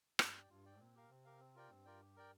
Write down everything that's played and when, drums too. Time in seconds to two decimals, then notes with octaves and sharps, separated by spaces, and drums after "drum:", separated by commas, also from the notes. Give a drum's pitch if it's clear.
0.19 G2 F4, drum: rim click
0.34 D5 G5
0.50 G2 F4
0.65 D5 G5
0.79 A#2 C4
0.95 G4 A#4 F5
1.10 C3 C4
1.25 G4 A#4 F5
1.40 C4
1.55 F4 A#4 D5 G5
1.70 G2 C4
1.85 F4 A#4 D5 G5
2.01 G4
2.16 A#4 D5 G5